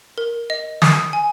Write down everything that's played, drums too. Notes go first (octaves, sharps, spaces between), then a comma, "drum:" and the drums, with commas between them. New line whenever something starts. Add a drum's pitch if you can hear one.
A#4
D#5
D#6, drum: snare
G#5